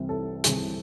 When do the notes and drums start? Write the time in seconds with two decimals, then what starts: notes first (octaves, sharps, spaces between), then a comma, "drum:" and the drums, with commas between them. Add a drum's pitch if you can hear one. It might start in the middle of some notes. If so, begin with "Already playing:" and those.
Already playing: C2 C3 E3 C4
0.09 A4
0.44 C2 C3 E3 C4 G#4, drum: hi-hat